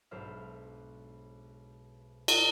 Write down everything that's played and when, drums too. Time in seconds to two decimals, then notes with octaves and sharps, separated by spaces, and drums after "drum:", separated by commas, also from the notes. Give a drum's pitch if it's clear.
0.11 B1 G#2 D4 C5 E5 F6
2.28 drum: cymbal